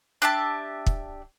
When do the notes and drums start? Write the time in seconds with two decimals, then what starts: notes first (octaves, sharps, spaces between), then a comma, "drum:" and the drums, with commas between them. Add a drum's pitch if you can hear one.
0.22 D4 G4 E5 A5
0.86 drum: kick